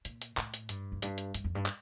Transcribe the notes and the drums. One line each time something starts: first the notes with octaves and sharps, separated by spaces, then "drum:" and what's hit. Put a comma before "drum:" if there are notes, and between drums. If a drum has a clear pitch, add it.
A#2, drum: hi-hat
drum: hi-hat
A2, drum: clap
drum: hi-hat
G2, drum: hi-hat
F2
G2, drum: hi-hat
drum: hi-hat
G2, drum: hi-hat
F2
G2
drum: clap